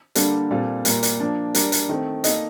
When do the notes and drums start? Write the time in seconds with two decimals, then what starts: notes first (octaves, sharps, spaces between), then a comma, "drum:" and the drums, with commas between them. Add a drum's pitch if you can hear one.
0.15 D3 G3 A#3 D4 A4, drum: hi-hat
0.51 A#2 G3 C4 F4 A4
0.85 A#2 G3 A#3 F4 A#4, drum: hi-hat
1.03 drum: hi-hat
1.20 F3 A#3 D4
1.55 G3 D4 G4 A#4, drum: hi-hat
1.72 drum: hi-hat
1.89 D#3 A3 C4
2.24 A#3 D#4 A4 D#5, drum: hi-hat